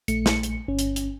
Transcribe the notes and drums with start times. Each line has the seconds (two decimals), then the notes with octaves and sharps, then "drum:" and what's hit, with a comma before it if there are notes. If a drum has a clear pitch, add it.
0.08 A#1 A3 C#7, drum: hi-hat
0.26 drum: snare
0.43 drum: hi-hat
0.68 G1 C#4
0.79 drum: hi-hat
0.96 drum: hi-hat